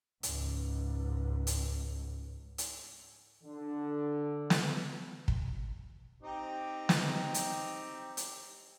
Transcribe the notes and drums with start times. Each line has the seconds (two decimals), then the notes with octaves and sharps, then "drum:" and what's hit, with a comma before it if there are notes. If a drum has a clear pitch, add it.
0.23 C#2 G#2, drum: hi-hat
1.47 drum: hi-hat
2.58 drum: hi-hat
3.44 D3
4.50 drum: snare
5.28 drum: kick
6.23 C4 D#4 G4
6.89 drum: snare
7.34 drum: hi-hat
8.17 drum: hi-hat